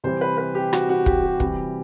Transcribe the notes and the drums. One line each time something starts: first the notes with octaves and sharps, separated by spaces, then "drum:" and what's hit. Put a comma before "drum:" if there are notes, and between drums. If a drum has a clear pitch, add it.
C3 E3 G3 C5
B4
B4
G4
F#4, drum: rim click
F#4
G4, drum: kick
G4
C3 E3 G3, drum: kick